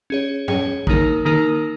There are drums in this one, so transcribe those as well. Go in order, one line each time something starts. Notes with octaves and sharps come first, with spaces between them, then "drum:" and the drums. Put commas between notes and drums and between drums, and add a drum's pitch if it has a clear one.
C#4 G#4 C#5
C#4 G#4 C#5, drum: tom G2
D#3 A#3 D#4 A#4, drum: kick
D#3 A#3 D#4 A#4